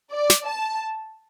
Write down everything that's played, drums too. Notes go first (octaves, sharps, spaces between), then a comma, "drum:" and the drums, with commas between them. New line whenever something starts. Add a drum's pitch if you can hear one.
D5
drum: snare
A5